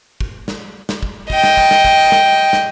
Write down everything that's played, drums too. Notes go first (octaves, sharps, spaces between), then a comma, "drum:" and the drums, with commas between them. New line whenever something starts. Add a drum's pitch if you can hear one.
drum: kick
drum: snare
drum: snare
drum: kick
D#5 G5, drum: kick
drum: snare
drum: kick
drum: snare
drum: kick
drum: snare
drum: snare